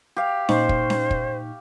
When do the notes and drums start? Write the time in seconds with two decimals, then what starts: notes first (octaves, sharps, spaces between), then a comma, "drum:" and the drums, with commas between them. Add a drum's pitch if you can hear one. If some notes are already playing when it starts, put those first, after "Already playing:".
0.16 G4 F5
0.49 A#2 D#4 C5 C#6, drum: snare C#4
0.69 drum: kick
0.90 drum: snare C#4
1.11 drum: kick